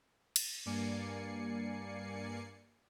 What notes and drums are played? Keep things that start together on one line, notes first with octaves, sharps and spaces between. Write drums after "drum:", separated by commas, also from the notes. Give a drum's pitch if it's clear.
drum: cymbal
G2 A#3 D5 G#5 C7 C#7